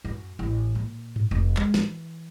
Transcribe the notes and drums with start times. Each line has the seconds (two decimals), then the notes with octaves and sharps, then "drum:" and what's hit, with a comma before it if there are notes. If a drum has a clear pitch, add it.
0.04 F#2
0.39 A1
0.75 A#2
1.16 drum: tom G2
1.31 F1
1.57 G#3, drum: clap
1.74 E3, drum: snare